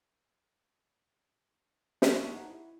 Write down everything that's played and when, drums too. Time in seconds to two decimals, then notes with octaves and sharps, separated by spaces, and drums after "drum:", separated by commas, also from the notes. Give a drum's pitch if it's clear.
2.02 A5 C#6 D#6 F#6 G#6, drum: snare
2.34 D#4 G4 F#5
2.49 E4